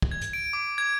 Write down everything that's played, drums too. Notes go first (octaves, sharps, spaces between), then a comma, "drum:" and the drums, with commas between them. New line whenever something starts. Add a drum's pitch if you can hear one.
drum: kick
G#6
drum: hi-hat
D7
D6
G#6